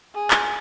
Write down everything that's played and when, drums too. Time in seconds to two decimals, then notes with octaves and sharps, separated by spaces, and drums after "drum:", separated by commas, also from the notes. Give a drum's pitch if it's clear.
0.14 G#4
0.31 drum: clap